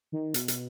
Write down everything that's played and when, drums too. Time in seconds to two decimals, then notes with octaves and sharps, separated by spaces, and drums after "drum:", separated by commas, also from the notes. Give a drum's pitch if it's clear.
0.12 D#3
0.34 B2, drum: hi-hat
0.48 drum: hi-hat